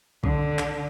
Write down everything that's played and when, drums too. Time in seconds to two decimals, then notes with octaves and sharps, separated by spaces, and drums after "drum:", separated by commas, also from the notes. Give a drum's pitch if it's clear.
0.24 D3, drum: kick
0.59 drum: clap